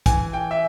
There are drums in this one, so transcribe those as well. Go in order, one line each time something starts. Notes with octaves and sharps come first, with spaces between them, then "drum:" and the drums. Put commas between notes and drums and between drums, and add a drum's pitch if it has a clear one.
E3 G#5, drum: kick, hi-hat
G5
E5